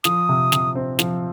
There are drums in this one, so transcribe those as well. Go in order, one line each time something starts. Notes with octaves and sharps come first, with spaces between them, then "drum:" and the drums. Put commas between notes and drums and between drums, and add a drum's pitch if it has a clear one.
F3 D#6, drum: snare
C3
C3, drum: snare
C4
F3, drum: snare